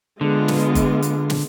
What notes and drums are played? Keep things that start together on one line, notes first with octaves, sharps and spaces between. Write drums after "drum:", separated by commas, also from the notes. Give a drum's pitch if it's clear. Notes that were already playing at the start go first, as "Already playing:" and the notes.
D3 G#3 B3 F4
drum: snare
drum: kick G1, hi-hat
drum: hi-hat
drum: snare